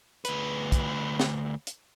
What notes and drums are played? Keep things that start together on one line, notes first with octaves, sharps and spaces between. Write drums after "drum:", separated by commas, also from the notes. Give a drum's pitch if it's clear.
D2 B4, drum: hi-hat
drum: kick, hi-hat
drum: snare
drum: hi-hat